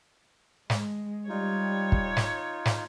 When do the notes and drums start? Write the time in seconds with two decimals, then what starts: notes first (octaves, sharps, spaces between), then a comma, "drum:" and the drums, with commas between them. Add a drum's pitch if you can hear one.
0.70 G#3, drum: snare
1.29 G3 D#4 F4 C#5
1.92 drum: kick
2.17 drum: snare
2.65 drum: snare